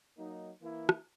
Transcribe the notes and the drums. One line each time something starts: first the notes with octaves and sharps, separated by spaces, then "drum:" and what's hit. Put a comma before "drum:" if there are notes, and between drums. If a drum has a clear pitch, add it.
F#3 A#3 D#4
E3 A#3 E4
drum: rim click